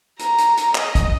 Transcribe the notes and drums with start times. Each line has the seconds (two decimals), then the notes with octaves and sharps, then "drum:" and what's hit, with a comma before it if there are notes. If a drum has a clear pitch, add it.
0.19 A#5, drum: hi-hat
0.38 drum: hi-hat
0.57 drum: hi-hat
0.75 D#5, drum: clap
0.95 drum: kick, hi-hat